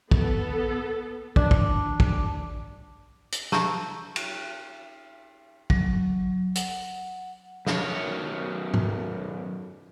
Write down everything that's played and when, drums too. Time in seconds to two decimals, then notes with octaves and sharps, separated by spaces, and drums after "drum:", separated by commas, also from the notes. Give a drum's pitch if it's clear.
0.11 B3 A4, drum: kick
1.36 D4, drum: kick
1.51 drum: kick
2.00 drum: kick
3.32 drum: hi-hat
3.52 A5 A#5 C#6 E6 G6, drum: snare
4.16 drum: cymbal
5.70 F#3, drum: kick
6.55 F#5, drum: hi-hat
7.67 F#2 D#3 C#5, drum: snare
8.74 drum: tom G#2